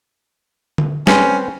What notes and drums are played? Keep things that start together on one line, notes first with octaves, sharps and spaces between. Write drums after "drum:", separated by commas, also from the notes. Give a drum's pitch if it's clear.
drum: tom D3
C4 C#4 B4 C5, drum: snare